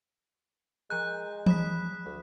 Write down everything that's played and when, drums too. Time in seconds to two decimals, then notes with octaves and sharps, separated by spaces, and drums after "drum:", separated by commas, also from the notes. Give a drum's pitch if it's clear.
0.90 F3 G#3 A#5 F#6 G6
1.46 B5 D#6 B6, drum: tom E3
2.05 D2